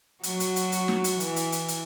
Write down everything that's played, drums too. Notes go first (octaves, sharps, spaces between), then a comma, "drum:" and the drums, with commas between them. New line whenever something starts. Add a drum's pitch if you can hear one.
F#3 F#4, drum: hi-hat
drum: hi-hat
drum: hi-hat
drum: hi-hat
drum: snare
drum: hi-hat
E3 E4, drum: hi-hat
drum: hi-hat
drum: hi-hat
drum: hi-hat